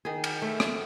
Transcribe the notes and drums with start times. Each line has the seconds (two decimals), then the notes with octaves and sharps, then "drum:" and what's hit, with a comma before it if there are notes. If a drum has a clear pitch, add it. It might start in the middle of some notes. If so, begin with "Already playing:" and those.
0.05 D#3 G#4
0.24 drum: cymbal
0.42 A3
0.60 drum: rim click